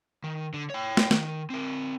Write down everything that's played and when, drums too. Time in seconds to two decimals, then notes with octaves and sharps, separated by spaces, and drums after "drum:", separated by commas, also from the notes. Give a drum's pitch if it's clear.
0.24 D#3
0.54 D3
0.70 C#5 G5
0.97 drum: snare
1.11 D#3, drum: snare
1.50 C4 A#4